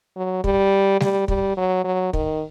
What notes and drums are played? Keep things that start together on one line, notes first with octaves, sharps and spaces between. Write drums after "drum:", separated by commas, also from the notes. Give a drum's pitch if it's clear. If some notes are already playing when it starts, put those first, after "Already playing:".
F#3
G3, drum: kick
G3, drum: snare G3
G3, drum: kick
F#3
F#3
D#3, drum: kick